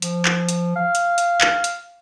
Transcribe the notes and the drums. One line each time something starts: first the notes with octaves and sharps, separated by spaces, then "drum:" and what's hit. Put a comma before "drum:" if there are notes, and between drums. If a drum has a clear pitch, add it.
F3, drum: hi-hat
drum: clap
drum: hi-hat
F5
drum: hi-hat
drum: hi-hat
drum: clap
drum: hi-hat